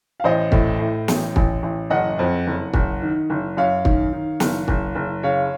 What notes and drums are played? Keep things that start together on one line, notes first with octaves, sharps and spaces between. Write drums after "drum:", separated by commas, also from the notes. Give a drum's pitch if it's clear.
F5
A1 C5 D#5
A2, drum: kick
A2
A1, drum: snare
A1, drum: kick
A1
F#1 D#5 F#5
F2
F#1
F#1, drum: kick
D#3
F#1
F#2 C#5 F5
D#3, drum: kick
D#3
F#1, drum: snare
F#1, drum: kick
F#1
C#3 C#5 F5